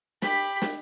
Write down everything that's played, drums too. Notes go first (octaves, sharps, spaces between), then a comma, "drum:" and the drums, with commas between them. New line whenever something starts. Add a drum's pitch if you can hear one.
G4 B5, drum: snare
drum: snare